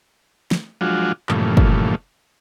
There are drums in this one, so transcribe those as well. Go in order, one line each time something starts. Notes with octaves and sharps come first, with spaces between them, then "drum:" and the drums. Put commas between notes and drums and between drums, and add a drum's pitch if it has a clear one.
drum: snare
F3 F#3 G#3 D4 F4 F#4
G2 A#2 C#3 E3 F3 A3, drum: clap
drum: kick